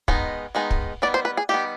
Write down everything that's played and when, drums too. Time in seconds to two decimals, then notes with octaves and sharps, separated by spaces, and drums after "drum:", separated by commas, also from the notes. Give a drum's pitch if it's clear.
0.08 D#3 G#3 B3 D#4, drum: kick
0.55 D#3 G#3 B3 D#4
0.71 drum: kick
1.02 D#3 G3 B3 D5
1.14 C5
1.25 B4
1.37 G#4
1.49 D#3 G3 B3 G4